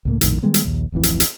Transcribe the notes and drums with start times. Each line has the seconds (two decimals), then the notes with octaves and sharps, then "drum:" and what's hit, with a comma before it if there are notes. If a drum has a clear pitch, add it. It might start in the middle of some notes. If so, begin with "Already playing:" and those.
0.05 C#2 A2 A#3
0.21 A#1 F2 A2 D#3, drum: hi-hat
0.43 D#3 G3 G#3 B3
0.54 drum: hi-hat
0.65 A#1 D#2
0.92 D1 A1 F2 E3
1.03 drum: hi-hat
1.20 drum: hi-hat